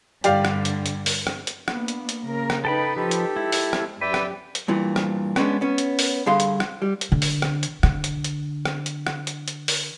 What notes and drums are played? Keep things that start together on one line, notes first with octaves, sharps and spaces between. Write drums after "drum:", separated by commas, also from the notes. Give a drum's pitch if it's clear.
G2 D3 G4 D5 F5, drum: hi-hat
drum: rim click
drum: hi-hat
drum: hi-hat
drum: open hi-hat
drum: rim click
drum: hi-hat
A#3 B3 D4, drum: rim click
drum: hi-hat
drum: hi-hat
C#3 A#3 A#4
drum: rim click
D#4 A4 B4 G5 B5
F3 G4 A4
drum: hi-hat
G#3 E4
drum: open hi-hat
drum: rim click
F#2 G4 B4 D5 E5 G5
drum: rim click
drum: hi-hat
G2 A#2 E3
drum: rim click
G#3 B3 C#4 D4, drum: rim click
B3 C#4
drum: hi-hat
drum: open hi-hat
G2 D3 G#4 F5 C6
drum: hi-hat
drum: rim click
G3
drum: hi-hat
D3
drum: open hi-hat
drum: rim click
drum: hi-hat
D3, drum: rim click
drum: hi-hat
drum: hi-hat
drum: rim click
drum: hi-hat
drum: rim click
drum: hi-hat
drum: hi-hat
drum: open hi-hat